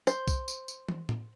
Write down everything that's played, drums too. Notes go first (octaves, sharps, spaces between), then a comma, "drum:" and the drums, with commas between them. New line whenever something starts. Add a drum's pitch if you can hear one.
C5, drum: tambourine
drum: kick, tambourine
drum: tambourine
drum: tambourine
drum: tom
drum: tom A2